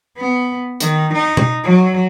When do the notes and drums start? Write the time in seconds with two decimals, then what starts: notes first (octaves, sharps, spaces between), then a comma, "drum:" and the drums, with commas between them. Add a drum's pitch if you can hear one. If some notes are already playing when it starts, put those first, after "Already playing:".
0.17 B3
0.80 D#3, drum: hi-hat
1.14 D#4
1.37 drum: tom B2
1.64 F#3